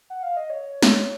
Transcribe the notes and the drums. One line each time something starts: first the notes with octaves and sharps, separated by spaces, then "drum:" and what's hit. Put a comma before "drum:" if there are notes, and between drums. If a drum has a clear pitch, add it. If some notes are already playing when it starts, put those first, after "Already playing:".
F#5
F5
D#5
C#5
drum: snare